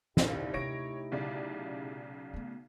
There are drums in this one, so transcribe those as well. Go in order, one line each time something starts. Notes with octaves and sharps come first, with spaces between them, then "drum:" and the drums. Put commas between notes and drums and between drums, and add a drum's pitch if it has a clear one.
D#1 A#1 D#2 A2 D#4 E4 G4, drum: snare
C3 A3 C#5 A#6 D7
B1 C#3 D5
A3 B3